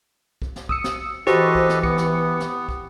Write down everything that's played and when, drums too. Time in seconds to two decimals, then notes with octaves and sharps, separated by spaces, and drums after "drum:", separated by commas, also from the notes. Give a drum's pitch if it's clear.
0.42 drum: kick
0.56 drum: snare
0.69 D#6 E6 C#7, drum: kick
0.84 drum: snare
1.27 E3 F#4 G4 A4 B4 C5 D#5 C#6, drum: snare
1.55 drum: kick
1.69 drum: snare
1.83 B3 C#7, drum: kick
1.98 drum: snare
2.40 drum: snare
2.69 drum: kick